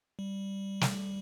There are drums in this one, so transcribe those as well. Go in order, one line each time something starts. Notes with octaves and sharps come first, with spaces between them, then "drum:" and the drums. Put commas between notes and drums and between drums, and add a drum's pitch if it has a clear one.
G3
drum: snare